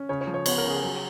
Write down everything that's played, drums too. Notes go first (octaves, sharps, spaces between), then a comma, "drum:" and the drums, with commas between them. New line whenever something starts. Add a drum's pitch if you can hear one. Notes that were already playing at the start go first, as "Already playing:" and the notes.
Already playing: C#4
C#3 C#5
C#5
F3
C#5
B3 C#5, drum: cymbal
A#4
C#3
G#4
F#3